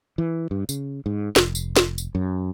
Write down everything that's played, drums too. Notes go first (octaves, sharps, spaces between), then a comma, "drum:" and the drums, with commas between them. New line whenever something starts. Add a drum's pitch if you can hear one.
E3
G2
C#3, drum: tambourine
G#2
F1, drum: snare
drum: tambourine
drum: snare
drum: tambourine
F#2